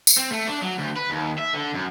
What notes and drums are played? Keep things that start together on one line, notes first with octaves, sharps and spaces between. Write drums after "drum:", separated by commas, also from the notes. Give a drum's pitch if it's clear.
drum: tambourine
C4
A3
D4
F#3
D2
B4
D#2
E5
D3
F#2